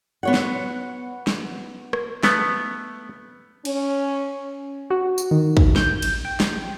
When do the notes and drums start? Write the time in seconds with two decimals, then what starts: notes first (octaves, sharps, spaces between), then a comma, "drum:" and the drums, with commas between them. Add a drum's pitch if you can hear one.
0.23 B3 C#5 F#5
0.34 drum: snare
1.27 drum: snare
1.93 drum: rim click
2.23 A3 B3, drum: snare
3.65 C#4, drum: cymbal
4.90 F#4
5.18 drum: tambourine
5.31 D#3
5.57 drum: kick
5.76 G6, drum: snare
6.02 drum: cymbal
6.25 G5
6.40 drum: snare